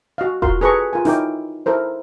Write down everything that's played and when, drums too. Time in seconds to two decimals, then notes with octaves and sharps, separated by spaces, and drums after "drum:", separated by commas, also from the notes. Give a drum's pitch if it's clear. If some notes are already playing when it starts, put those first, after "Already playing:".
0.18 F#4 D#5 F5
0.42 F4 F#4 A#4 F5 C6, drum: kick E1
0.61 G#4 A4 B4 A#5 C#6
0.93 F4 A#4 G#5
1.05 D#4 E4 A#4 C#5 G5 D6, drum: snare
1.66 E4 A4 A#4 C5